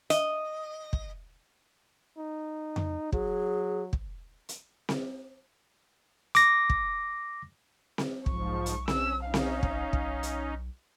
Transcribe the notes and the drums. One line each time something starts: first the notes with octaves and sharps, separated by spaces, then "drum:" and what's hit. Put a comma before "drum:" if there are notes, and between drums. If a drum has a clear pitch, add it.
D#5, drum: hi-hat
drum: kick
D#4
drum: tom F2
F#3 G#4, drum: kick
drum: kick
drum: hi-hat
drum: snare C4
D6 A#6, drum: hi-hat
drum: kick
drum: snare C4
B1 G#2 F3 C#6, drum: kick
drum: hi-hat
C#4 E6, drum: snare C4
C#4 D#4 F5
drum: snare C4
drum: kick
B1, drum: kick
drum: hi-hat